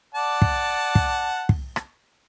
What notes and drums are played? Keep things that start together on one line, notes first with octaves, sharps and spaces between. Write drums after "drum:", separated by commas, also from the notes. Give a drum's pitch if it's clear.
D5 F#5 A5
drum: kick
drum: kick
drum: kick
drum: rim click